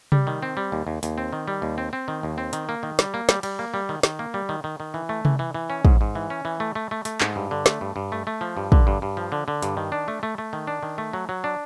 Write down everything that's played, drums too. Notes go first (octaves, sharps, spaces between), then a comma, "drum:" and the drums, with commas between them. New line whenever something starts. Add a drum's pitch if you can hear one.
G3, drum: tom C3
D#3
C4
G3
D#2
D#2
D#2, drum: hi-hat
C4
D#3
G3
D#2
C4
C4
D#3
D#2
C4
D#3, drum: hi-hat
A#3
D#3
G3, drum: snare
A#3
G3, drum: snare
G3, drum: cymbal
A#3
G3
D#3
D#3, drum: snare
A#3
G3
D#3
D#3
D#3
E3
A3
E3, drum: tom C3
E3
E3
C#4
G#2, drum: kick
G#2
E3
C#4
E3
A3
A3
A3
A3, drum: hi-hat
G#2, drum: clap
G2
D3
A3, drum: snare
G2
G2
A3
A3
F3
G2
D3, drum: kick
G2
G2
F3
D3
D3
G2, drum: hi-hat
D#3
D4
A3
A3
A3
D#3
D4
D#3
A3
F#3
F#3
D4